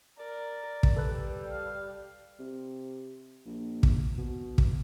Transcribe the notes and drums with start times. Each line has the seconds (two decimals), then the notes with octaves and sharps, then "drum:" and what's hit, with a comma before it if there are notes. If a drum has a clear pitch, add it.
0.19 A#4 D5
0.83 drum: kick
0.96 G3 A4 B4 F#6
1.51 F5
2.39 C3
3.46 A#1
3.83 drum: kick
4.18 B2
4.58 drum: kick